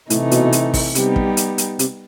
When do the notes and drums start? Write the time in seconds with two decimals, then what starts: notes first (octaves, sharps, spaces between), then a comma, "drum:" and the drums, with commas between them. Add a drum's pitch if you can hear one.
0.10 A2 C3 E3 A3 D#4, drum: hi-hat
0.31 B2, drum: hi-hat
0.52 drum: hi-hat
0.74 drum: kick, open hi-hat
0.95 C3 G3 B3 D#4 G4, drum: hi-hat
1.16 drum: kick
1.37 drum: hi-hat
1.58 drum: hi-hat
1.79 C3, drum: hi-hat